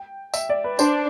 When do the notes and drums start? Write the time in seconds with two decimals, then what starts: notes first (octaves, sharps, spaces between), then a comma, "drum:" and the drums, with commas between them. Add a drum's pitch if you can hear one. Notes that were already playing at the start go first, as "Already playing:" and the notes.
Already playing: G5
0.34 E5, drum: tambourine
0.49 D5
0.64 B4
0.79 D4 C5, drum: tambourine